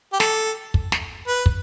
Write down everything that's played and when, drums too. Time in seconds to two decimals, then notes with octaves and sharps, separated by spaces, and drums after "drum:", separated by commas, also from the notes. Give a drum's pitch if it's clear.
0.13 G4
0.20 A4, drum: snare
0.74 drum: kick
0.92 drum: snare
1.28 B4
1.46 drum: kick